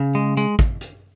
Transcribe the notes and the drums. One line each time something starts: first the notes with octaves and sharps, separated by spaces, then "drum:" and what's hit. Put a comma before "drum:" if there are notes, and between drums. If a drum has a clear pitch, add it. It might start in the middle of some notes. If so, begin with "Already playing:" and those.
Already playing: C#3
G#3
G#3
drum: kick, hi-hat
drum: hi-hat